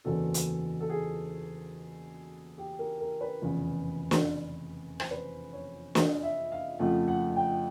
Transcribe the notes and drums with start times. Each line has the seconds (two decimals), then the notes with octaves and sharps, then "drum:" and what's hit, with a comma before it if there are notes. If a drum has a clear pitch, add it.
0.04 F#1 E2 C#3 F#3 A4
0.34 drum: hi-hat
0.80 A4
0.89 G#4
2.58 G4
2.79 A#4
3.00 A#4
3.21 B4
3.42 F1 E2 C#3
4.11 drum: snare
5.00 C5, drum: rim click
5.11 B4
5.53 C#5
5.95 D#5, drum: snare
6.23 E5
6.52 F5
6.79 F2 C#3 F3 A3 F#5
7.08 F#5
7.36 G5